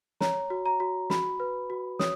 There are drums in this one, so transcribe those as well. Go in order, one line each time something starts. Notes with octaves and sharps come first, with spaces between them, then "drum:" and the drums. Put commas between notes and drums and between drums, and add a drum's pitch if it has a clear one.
C#5 A#5, drum: snare
F#4
A#5
F#4
F#4 B5, drum: snare
B4
F#4
C#5 D#6, drum: snare